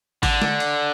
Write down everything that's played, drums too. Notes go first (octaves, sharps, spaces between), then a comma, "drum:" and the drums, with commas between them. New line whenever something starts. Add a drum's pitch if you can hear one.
D3, drum: kick G#1, cymbal
drum: snare
drum: cymbal